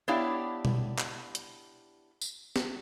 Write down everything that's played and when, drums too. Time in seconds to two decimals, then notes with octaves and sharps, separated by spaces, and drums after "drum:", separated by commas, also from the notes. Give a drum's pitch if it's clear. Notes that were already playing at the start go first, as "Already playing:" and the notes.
0.08 B3 D4 E4 G4 C#5 F5
0.65 drum: tom B2
0.99 drum: clap
1.35 drum: hi-hat
2.21 drum: tambourine
2.56 drum: snare